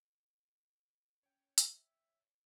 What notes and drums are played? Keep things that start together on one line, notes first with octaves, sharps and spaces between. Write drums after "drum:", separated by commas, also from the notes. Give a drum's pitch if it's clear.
C#4 C#5 G5
drum: hi-hat
E5